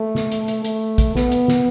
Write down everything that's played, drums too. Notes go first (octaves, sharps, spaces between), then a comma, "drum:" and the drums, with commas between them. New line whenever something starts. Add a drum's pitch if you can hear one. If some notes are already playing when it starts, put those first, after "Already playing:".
Already playing: A3
drum: snare
drum: hi-hat
drum: hi-hat
A3, drum: hi-hat
drum: kick, hi-hat
B3, drum: snare
drum: hi-hat
drum: snare